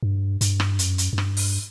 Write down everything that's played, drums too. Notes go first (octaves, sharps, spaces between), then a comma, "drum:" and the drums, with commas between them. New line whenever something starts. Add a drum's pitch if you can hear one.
G2
G2, drum: hi-hat
drum: rim click
F#2, drum: hi-hat
drum: hi-hat
F#2
G2, drum: rim click
drum: open hi-hat